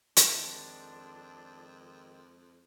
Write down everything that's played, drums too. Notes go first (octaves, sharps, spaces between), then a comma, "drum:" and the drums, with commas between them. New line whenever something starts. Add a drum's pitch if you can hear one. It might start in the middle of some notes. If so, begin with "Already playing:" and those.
F2 D#3 G#3 D4, drum: hi-hat